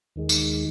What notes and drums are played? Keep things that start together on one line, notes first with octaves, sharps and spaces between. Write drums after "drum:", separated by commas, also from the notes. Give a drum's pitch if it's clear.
D#2 D#3 G#3
drum: tambourine